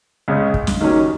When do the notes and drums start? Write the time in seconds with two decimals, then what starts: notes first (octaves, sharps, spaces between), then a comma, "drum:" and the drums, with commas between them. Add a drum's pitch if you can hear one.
0.28 C#2 C#3 G#3 C#4
0.54 drum: kick
0.67 drum: snare
0.81 D#2 D#3 F#3 C#4